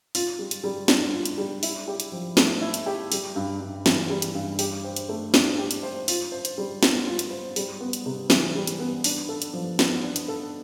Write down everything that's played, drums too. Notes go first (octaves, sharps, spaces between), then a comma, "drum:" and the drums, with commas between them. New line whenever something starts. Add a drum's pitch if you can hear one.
F4, drum: open hi-hat
G3
drum: hi-hat
G3
D4, drum: snare
F4
drum: hi-hat
G3
E4, drum: open hi-hat
G4
drum: hi-hat
F3
A3, drum: snare
E4
drum: hi-hat
G4
G3, drum: open hi-hat
G2
G2
E3, drum: snare
G3
drum: hi-hat
G2
G4, drum: open hi-hat
C5
drum: hi-hat
A3
D4, drum: snare
G4
drum: hi-hat
C5
F4, drum: open hi-hat
C5
drum: hi-hat
G3
B3, drum: snare
F4
drum: hi-hat
C5
G3, drum: open hi-hat
B3
drum: hi-hat
C3
E3, drum: snare
G3
drum: hi-hat
B3
D4, drum: open hi-hat
A4
drum: hi-hat
F3
B3, drum: snare
D4
drum: hi-hat
A4